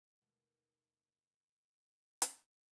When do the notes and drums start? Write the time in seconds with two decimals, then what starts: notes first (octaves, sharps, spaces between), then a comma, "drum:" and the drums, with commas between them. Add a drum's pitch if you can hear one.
0.21 D#2 B2 G#3 A3
2.22 drum: hi-hat